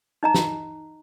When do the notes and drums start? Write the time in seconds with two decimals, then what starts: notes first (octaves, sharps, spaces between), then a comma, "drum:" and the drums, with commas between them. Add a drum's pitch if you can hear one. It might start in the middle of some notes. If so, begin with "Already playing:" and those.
0.23 D#4 D#5 A#5
0.34 drum: snare